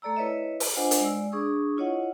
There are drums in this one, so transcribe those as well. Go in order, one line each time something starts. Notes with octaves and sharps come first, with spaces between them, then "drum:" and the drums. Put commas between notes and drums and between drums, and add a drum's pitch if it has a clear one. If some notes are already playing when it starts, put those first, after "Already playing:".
A3 A4 D5 A#5 E6
E4 B4 C#5 D#5 E5
drum: open hi-hat
D4 F4 C5 D#5 F#5 G#5
drum: hi-hat
G#3 D5 E6
D4 G#4 C#6 D#6
E4 F4 C#5 D#5 F#5